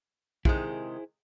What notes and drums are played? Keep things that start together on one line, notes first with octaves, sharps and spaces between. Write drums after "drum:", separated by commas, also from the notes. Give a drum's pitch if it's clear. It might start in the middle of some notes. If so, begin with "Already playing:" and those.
C3 D#3 G#3 E4 G#4 C5, drum: kick